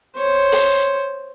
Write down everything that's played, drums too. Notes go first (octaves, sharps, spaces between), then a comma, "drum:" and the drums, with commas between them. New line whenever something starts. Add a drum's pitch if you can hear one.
C5 C#5
drum: open hi-hat